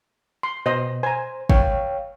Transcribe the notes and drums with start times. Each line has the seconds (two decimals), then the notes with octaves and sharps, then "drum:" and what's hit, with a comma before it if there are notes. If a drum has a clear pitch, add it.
0.43 C6
0.66 B2 C5 D#5
1.03 C5 G#5 A#5
1.50 C#5 F5 G5, drum: kick